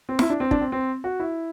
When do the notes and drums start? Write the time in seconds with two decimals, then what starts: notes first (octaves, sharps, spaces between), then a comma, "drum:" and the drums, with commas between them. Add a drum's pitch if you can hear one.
0.09 C4
0.19 E4, drum: snare
0.30 D4
0.40 C4
0.51 D4, drum: kick
0.61 C4
0.72 C4
1.04 F#4
1.20 E4